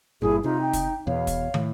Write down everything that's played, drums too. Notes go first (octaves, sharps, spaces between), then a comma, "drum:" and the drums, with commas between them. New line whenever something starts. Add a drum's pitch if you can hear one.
G1 G2 A#2 E4 G#4
C3 D#4 F4
G5
drum: kick, hi-hat
E2 B2 C#5 F5
drum: kick, hi-hat
A2, drum: tom